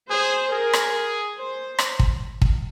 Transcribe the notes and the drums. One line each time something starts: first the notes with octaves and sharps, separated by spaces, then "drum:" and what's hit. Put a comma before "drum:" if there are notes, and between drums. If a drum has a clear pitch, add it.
G#4 C5
G#4 A#4
drum: rim click
C5
drum: rim click
drum: kick
drum: kick